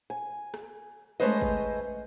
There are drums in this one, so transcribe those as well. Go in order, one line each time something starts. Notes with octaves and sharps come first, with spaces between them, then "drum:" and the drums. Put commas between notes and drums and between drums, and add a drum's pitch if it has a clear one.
G#5
drum: rim click
G#3 A3 C#4 B4 C5 D#5
drum: kick G#1